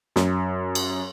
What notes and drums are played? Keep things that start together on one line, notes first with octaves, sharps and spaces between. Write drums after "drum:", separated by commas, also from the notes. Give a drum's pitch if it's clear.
F#2, drum: snare
drum: cymbal